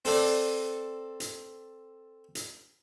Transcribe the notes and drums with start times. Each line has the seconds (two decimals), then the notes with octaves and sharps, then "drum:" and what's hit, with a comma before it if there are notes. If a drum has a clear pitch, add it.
0.05 C4 A4 D5, drum: open hi-hat
1.20 drum: hi-hat
2.35 drum: hi-hat